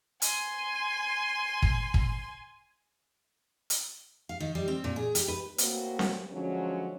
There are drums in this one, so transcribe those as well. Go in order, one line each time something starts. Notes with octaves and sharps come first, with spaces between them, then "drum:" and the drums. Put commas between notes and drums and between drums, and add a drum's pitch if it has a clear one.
G#5 C6, drum: hi-hat
drum: kick
drum: kick
drum: hi-hat
F5
D#3
G3
C4
A#2
G#4
G4, drum: hi-hat
B4
A2 A#3 C4 F#4 B4 C#5, drum: hi-hat
drum: snare C4
D3 F3 F#3 G#3 C#4